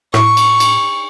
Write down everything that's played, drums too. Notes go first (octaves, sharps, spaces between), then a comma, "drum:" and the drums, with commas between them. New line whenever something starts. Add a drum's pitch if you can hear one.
A2 C#6, drum: rim click
drum: cymbal
drum: cymbal